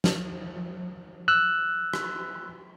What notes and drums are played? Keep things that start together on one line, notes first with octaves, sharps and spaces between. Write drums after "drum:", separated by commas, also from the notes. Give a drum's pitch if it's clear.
drum: snare
E6 F#6
drum: rim click